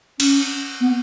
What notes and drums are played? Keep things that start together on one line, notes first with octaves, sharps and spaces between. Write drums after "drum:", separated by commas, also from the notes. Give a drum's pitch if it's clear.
C#4, drum: cymbal
B3